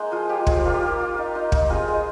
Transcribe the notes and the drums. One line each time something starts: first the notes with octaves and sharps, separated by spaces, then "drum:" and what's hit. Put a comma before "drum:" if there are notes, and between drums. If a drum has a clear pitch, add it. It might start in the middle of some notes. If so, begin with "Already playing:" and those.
Already playing: G#3 A#3 D#4 C5
F3 F4 G#4
F3 G4
F3 G#4, drum: kick
G4
A#3 F4
G4
A#3
F4
D#4
D#4
D#4, drum: kick
C4 F4 G#4
G#3